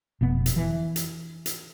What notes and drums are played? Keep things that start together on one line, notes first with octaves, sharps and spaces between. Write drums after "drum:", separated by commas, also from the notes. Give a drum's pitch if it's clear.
F1 B2 B3
drum: hi-hat
E3
drum: hi-hat
drum: hi-hat